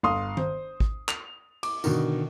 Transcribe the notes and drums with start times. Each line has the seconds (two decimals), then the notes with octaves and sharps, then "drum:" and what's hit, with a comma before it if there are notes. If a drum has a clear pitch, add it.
0.03 G1 F5 C6 D#6
0.37 C5, drum: tom D#3
0.80 drum: kick G#1
1.09 F7, drum: clap
1.63 D6, drum: cymbal
1.84 B2 D3 D#3, drum: tambourine